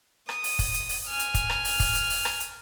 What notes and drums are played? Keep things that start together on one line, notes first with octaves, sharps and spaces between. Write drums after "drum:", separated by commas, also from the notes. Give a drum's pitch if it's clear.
D#6, drum: rim click
drum: open hi-hat
drum: kick, open hi-hat
drum: hi-hat
drum: open hi-hat
G#5 F6
drum: hi-hat
drum: kick, hi-hat
drum: rim click
drum: open hi-hat
drum: kick, open hi-hat
drum: hi-hat
drum: open hi-hat
drum: rim click
drum: hi-hat